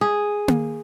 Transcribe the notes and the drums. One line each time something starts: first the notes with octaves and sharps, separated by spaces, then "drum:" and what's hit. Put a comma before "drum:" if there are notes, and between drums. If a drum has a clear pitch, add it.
G#4
drum: tom A#3